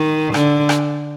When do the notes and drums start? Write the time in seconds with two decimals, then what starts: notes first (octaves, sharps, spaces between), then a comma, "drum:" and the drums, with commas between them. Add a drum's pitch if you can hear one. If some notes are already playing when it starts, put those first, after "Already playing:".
Already playing: D#3
0.34 D3, drum: rim click
0.69 drum: rim click